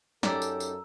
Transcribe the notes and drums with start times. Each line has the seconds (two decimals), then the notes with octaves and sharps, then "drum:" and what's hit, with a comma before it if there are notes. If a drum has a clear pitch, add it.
0.23 F#2 C#4 D#4 G4 A4 D5 A#5 E6, drum: snare
0.42 drum: tambourine
0.60 drum: tambourine